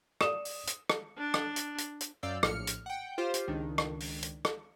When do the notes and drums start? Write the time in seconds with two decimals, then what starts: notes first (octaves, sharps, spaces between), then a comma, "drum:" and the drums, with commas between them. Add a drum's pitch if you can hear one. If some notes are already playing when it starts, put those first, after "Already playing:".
0.21 D5 D#6 E7, drum: rim click
0.45 drum: open hi-hat
0.67 drum: hi-hat
0.89 drum: rim click
1.17 D4
1.34 drum: rim click
1.56 drum: hi-hat
1.78 drum: hi-hat
2.01 drum: hi-hat
2.23 F#2 D5 F5 D6 E6 G6
2.43 A#1 A2 F6 C#7, drum: rim click
2.67 drum: hi-hat
2.86 F#5 G5
3.18 F4 G4 C5
3.34 drum: hi-hat
3.48 C#2 D#3 D4
3.78 drum: rim click
4.00 drum: open hi-hat
4.23 drum: hi-hat
4.45 drum: rim click